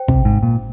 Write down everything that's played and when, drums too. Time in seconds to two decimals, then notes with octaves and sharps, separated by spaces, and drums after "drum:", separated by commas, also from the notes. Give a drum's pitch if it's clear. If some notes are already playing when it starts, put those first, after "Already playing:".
Already playing: C5 G5
0.08 C3, drum: kick
0.25 G#2
0.43 A#2